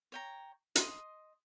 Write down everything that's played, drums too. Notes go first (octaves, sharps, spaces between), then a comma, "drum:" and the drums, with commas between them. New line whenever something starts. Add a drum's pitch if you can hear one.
C#5 G5 A#5
D#5 C6 D#6, drum: hi-hat